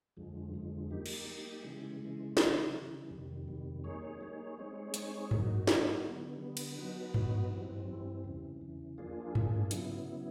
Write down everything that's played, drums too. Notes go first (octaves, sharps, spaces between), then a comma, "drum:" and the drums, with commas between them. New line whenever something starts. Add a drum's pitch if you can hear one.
F2 D3 F3 G#3
F2 D3 F3 G#3
G3 A#3 D#4 G4
drum: cymbal
G3 A#3 D#4 G4
C#3 E3 G#3
C#3 E3 G#3
C#3 E3 G3, drum: snare
C#3 E3 G3
F2 C3 D#3 G3
F2 C3 D#3 G3
G3 A#3 D#4 G#4 C#5
G3 A#3 D#4 G#4 C#5
G#3 C4 D#4 G#4 C#5
G#3 C4 D#4 G#4 C#5, drum: hi-hat
F#3 A#3 D#4 F#4, drum: tom G2
F#3 A#3 D#4 F#4, drum: snare
D3 G3 B3
D3 G3 B3
drum: cymbal
F#3 B3 D#4 F#4 B4
F#3 B3 D#4 F#4 B4, drum: tom G2
G2 E3 G3 C4
G2 E3 G3 C4
E2 C#3 E3
E2 C#3 E3
F3 A#3 D4 F4 G#4
F3 A#3 D4 F4 G#4, drum: tom G2
C#3 F#3 B3 E4, drum: hi-hat
C#3 F#3 B3 E4